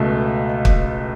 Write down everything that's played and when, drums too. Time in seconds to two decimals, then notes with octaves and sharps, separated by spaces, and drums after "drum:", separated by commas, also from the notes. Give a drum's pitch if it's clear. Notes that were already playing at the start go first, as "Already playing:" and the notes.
Already playing: C#2 B2 A3
0.65 drum: kick